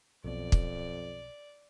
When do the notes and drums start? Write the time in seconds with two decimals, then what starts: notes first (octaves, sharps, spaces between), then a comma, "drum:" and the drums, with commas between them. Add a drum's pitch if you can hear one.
0.24 B1 F2 B2 D5
0.52 drum: kick